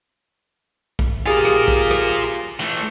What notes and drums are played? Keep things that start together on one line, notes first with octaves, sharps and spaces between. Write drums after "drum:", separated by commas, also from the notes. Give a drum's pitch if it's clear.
drum: kick A#1
F4 G4 G#4 A#4 G#5
drum: rim click
drum: kick A#1
drum: rim click
E3 A3